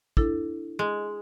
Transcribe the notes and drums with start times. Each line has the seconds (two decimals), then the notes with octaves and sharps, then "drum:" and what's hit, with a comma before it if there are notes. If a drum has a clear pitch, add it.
0.17 D4 E4 A4, drum: kick
0.79 G#3